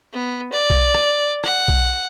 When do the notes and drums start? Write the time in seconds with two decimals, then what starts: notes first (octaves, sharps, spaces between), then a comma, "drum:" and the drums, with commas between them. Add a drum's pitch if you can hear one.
0.13 B3
0.52 D5
0.70 drum: kick B1
0.94 drum: rim click
1.44 F#5, drum: rim click
1.68 drum: kick B1